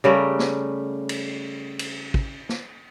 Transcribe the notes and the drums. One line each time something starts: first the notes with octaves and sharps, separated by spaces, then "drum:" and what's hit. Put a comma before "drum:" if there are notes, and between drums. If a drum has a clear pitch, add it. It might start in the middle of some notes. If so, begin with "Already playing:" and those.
C#3 G3 A3 A#4
drum: snare
drum: cymbal
drum: cymbal
drum: kick
drum: snare